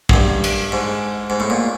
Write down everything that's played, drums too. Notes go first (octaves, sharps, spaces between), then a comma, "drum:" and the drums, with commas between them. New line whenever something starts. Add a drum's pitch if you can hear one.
F#2, drum: kick
G2
drum: cymbal
G#2
G#2
A2
A#2